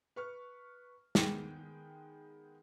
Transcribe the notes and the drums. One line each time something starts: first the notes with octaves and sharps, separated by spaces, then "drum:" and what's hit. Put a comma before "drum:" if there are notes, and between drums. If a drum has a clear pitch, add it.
B4 C#6 F6
D#3 G#3 B3 B4 G5, drum: snare